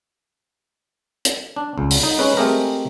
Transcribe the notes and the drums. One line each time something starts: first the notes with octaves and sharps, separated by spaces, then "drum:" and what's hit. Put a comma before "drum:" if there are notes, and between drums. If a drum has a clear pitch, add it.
drum: hi-hat
D4
C#2
drum: open hi-hat
D#4
G#3 C#4 B4
G#3 A3 C4 G4 G#4 A#4